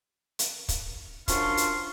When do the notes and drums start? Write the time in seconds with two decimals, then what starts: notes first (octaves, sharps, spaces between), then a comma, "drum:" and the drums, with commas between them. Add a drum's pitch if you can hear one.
0.39 drum: hi-hat
0.69 drum: kick, hi-hat
1.28 F#2 F3 D4 F4 C6 C#6, drum: kick, hi-hat
1.57 drum: hi-hat